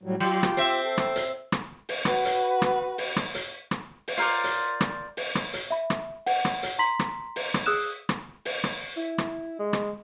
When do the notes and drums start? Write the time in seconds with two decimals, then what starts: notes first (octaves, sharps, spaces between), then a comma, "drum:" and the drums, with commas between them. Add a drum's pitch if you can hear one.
0.03 A2 F#3 G3
0.20 F#3 F4 G4 G5
0.43 drum: rim click
0.57 C4 E5
0.85 A4 G5
0.98 drum: rim click
1.16 drum: hi-hat
1.52 drum: rim click
1.89 drum: open hi-hat
2.05 F#4 B4, drum: rim click
2.25 drum: hi-hat
2.62 drum: rim click
2.98 drum: open hi-hat
3.16 drum: rim click
3.35 drum: hi-hat
3.71 drum: rim click
4.08 drum: open hi-hat
4.17 F4 A#4 C5 D5
4.44 drum: hi-hat
4.81 drum: rim click
5.17 drum: open hi-hat
5.35 drum: rim click
5.54 drum: hi-hat
5.71 E5 B5
5.90 drum: rim click
6.26 F#5, drum: open hi-hat
6.45 drum: rim click
6.63 drum: hi-hat
6.79 A#5 C6 B6 F#7
6.99 drum: rim click
7.36 drum: open hi-hat
7.54 drum: rim click
7.66 G#4 D#6 E6 F#6 E7
8.09 drum: rim click
8.45 drum: open hi-hat
8.64 drum: rim click
8.97 E4
9.18 drum: rim click
9.59 G#3
9.73 drum: rim click